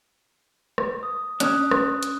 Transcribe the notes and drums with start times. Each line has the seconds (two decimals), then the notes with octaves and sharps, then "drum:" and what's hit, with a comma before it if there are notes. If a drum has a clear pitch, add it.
0.78 drum: rim click
1.03 D#6
1.40 C#4 D4 D#6 F#6, drum: hi-hat
1.71 drum: rim click
2.03 drum: hi-hat